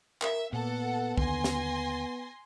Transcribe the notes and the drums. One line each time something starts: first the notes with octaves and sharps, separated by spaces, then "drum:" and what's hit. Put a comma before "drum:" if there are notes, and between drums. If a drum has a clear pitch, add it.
A#4 E5, drum: clap
A#2 B3 A4 F#5
D#2 D3 G#5 C6 A#6, drum: kick
drum: snare